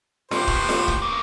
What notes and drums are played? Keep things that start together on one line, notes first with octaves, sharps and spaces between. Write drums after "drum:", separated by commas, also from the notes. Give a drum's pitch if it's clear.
G2 C3 G4 B4 C5, drum: snare F4
D#2 A2, drum: kick
drum: snare F4
drum: kick
C#3 A#3